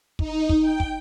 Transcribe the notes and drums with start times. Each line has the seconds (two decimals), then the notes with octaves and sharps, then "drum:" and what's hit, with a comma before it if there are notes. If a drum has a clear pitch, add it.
0.19 D#4, drum: kick
0.49 drum: kick
0.61 G5
0.80 drum: kick